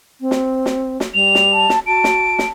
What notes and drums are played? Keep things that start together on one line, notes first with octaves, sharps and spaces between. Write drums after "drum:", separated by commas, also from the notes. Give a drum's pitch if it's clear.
C4
drum: snare
drum: snare
drum: snare
G3 F7
drum: snare
A5
drum: snare
F#4 A5 D7
drum: snare
drum: snare